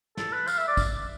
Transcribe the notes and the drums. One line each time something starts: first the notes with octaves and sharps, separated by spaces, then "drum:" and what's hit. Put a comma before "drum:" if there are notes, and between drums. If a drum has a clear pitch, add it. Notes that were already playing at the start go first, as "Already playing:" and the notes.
A4, drum: snare
B4
F5, drum: tambourine
E5
D5
drum: kick, tambourine